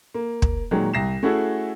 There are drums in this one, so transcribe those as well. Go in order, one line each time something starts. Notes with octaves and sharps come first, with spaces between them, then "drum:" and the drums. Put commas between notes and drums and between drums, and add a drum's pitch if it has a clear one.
A#3
drum: kick
A#2 D#3 F#3 G#3
C2 A#6 C7 E7
A3 C#4 E4 F#4 G#4 A4